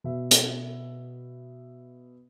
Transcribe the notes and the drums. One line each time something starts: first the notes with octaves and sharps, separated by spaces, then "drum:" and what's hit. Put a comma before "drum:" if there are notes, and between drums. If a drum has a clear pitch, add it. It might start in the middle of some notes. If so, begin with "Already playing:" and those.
B2 E5
drum: hi-hat